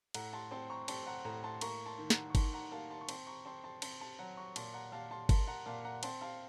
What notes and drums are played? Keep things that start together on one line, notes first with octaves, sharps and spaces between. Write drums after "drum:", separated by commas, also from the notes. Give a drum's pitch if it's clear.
A2 F#5 A#5, drum: cymbal
A5 C6
C4 A5 C6
A#5 C#6
C4 A5 C6, drum: cymbal
F#5 A#5
A2 F#5 A#5
A5 C6
A#3 A#5 C#6, drum: cymbal
A5 C6
D#3
F#5 A#5, drum: snare
C#6
D#3 A5 C6, drum: kick G1, cymbal
F#5 A#5
A#3 F5 A5
A5 C6
C#6
C4 A5 C6, drum: cymbal
A#5 C#6
C4 A5 C6
A5 C6
C4 A5 C6, drum: cymbal
A5 C6
F#3 F#5 A#5
A#5 C#6
A#2 A5 C6, drum: cymbal
F#5 A#5
A#2 F5 A5
A5 C6
A#3 A5 C6, drum: kick G1, cymbal
F#5 A#5
A#2 F5 A5
F#5 A#5
C4 A5 C6, drum: cymbal
F5 A5